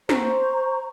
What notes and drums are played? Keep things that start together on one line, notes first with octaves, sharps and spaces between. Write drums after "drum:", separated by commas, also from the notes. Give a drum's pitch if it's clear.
C5 A#5 C#6, drum: snare